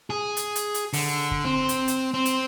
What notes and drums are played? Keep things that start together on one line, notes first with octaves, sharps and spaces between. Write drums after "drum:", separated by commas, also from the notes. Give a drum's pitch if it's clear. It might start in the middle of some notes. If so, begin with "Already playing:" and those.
G#4
drum: hi-hat
drum: hi-hat
drum: hi-hat
D3, drum: open hi-hat
drum: kick
C4
drum: hi-hat
drum: hi-hat
C4
drum: hi-hat